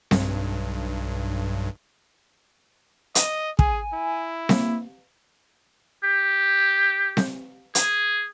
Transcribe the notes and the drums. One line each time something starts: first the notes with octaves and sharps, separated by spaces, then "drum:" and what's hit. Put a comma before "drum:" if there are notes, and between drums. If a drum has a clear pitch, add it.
B1 G2, drum: snare C4
D#5, drum: hi-hat
G#4 G#5, drum: kick
E4
A#3, drum: snare C4
G4
drum: snare C4
G#4, drum: hi-hat